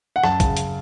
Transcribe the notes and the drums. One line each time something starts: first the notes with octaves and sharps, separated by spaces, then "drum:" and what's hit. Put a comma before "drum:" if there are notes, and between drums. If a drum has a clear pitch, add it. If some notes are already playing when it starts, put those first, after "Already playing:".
F#5
F#2 A5, drum: rim click
C#3, drum: kick, hi-hat
drum: hi-hat